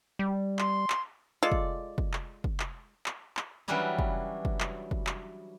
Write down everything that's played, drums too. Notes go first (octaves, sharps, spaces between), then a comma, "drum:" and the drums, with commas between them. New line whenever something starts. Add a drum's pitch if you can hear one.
G3
C6, drum: clap
drum: clap
G#3 F4 A4 D5
drum: kick
drum: kick
drum: clap
drum: kick
drum: clap
drum: clap
drum: clap
E3 F#3 G3 C#4 D4 E4
drum: kick
drum: kick
drum: clap
drum: kick
drum: clap